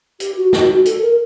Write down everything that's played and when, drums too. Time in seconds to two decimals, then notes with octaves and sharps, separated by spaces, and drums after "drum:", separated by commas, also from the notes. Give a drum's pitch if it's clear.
0.20 G4, drum: hi-hat
0.37 F#4
0.53 F#4, drum: snare
0.69 F#4
0.85 A4, drum: hi-hat
1.02 A#4